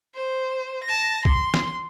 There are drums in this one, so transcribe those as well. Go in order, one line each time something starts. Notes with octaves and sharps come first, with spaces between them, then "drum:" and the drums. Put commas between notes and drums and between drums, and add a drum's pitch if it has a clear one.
C5
A5 A#6
C6, drum: kick B1
drum: snare